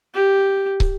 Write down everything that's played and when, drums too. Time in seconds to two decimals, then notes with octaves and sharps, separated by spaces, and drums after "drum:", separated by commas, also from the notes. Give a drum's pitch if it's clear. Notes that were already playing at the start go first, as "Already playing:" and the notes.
0.14 G4
0.80 drum: kick